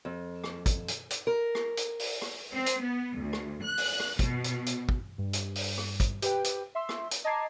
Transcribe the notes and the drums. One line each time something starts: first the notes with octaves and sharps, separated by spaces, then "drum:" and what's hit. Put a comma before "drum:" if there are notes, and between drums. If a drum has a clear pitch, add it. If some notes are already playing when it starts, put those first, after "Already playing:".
F2
drum: rim click
drum: kick, hi-hat
drum: hi-hat
drum: hi-hat
A#4
drum: rim click
drum: hi-hat
drum: open hi-hat
drum: rim click
C4
drum: hi-hat
B3
D2
drum: rim click
F#6
drum: open hi-hat
drum: rim click
B2, drum: kick, hi-hat
drum: hi-hat
drum: hi-hat
drum: kick
G2
drum: hi-hat
drum: open hi-hat
drum: rim click
drum: kick, hi-hat
G4 B4 G5, drum: hi-hat
drum: hi-hat
E5 C6 E6
drum: rim click
drum: hi-hat
D#5 A5 A#5 D6 G#6 C7